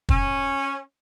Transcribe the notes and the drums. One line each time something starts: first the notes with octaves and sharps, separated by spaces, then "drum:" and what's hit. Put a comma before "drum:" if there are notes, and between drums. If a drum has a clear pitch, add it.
C#4, drum: kick